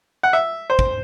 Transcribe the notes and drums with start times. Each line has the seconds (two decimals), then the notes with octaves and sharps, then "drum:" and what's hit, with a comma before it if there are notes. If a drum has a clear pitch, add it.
0.23 F#5
0.33 E5
0.70 C5
0.79 drum: kick